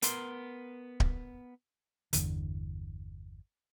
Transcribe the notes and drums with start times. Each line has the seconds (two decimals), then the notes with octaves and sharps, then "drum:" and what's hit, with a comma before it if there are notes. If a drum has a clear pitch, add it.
0.02 B3 A#4 C6, drum: hi-hat
1.00 drum: kick D1
2.13 G1 E2 D3, drum: hi-hat